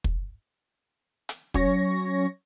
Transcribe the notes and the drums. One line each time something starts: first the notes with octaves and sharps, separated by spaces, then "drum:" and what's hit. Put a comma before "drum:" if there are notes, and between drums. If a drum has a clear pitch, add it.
drum: kick
drum: hi-hat
F#3 C#4 C#5 C#6 A#6, drum: kick